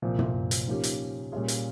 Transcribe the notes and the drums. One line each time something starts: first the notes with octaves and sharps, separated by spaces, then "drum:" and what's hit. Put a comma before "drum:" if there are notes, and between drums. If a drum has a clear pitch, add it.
C2 A#2 F3 C4
drum: tom
drum: hi-hat
G#2 F3 A#3 C#4 G4
drum: hi-hat
A#2 G3 C#4 F4 G#4
drum: hi-hat